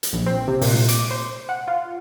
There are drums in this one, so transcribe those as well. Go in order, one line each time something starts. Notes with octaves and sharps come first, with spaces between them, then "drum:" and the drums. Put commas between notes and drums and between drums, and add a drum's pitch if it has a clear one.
drum: hi-hat
A#1
C4
C3
A#2, drum: open hi-hat
drum: snare
D6, drum: hi-hat
C5
F#5
F4